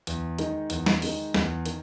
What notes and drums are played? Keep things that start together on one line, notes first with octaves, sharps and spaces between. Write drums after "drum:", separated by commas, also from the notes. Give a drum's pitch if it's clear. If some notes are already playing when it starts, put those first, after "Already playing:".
E2, drum: hi-hat
D#3 G#3 D#4, drum: hi-hat
E2, drum: hi-hat
drum: snare
D#3 G#3 D#4, drum: open hi-hat
E2, drum: snare
D#3, drum: hi-hat